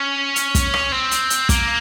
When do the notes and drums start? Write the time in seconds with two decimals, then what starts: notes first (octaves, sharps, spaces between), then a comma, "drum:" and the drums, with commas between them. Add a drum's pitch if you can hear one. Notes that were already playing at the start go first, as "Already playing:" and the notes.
Already playing: C#4
0.36 drum: hi-hat
0.55 drum: kick, hi-hat
0.74 drum: rim click
0.92 C4
1.11 drum: hi-hat
1.30 drum: hi-hat
1.49 A#3, drum: kick, hi-hat